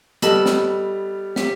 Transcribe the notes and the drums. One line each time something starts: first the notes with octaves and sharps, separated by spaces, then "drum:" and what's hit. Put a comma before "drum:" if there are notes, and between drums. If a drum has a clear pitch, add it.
G3 B3 A4 D#5 A5, drum: hi-hat
drum: snare
G4 C5 E5, drum: snare